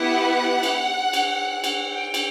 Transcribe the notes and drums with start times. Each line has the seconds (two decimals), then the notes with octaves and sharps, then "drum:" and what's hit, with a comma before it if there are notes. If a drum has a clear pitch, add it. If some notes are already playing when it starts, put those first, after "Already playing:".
Already playing: B3 E4 G4 F#5
0.63 drum: cymbal
1.13 drum: cymbal
1.64 drum: cymbal
1.88 G5
2.14 drum: cymbal